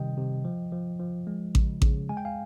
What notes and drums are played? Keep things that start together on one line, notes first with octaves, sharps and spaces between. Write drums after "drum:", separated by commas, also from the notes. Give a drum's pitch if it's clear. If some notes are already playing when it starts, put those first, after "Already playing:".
Already playing: C3 D#3 G3 D#5 G5
C3
F3
F3
F3
G#3
C#3, drum: kick A1
C#3, drum: kick A1
G#3 G#5
G5
F5 G#5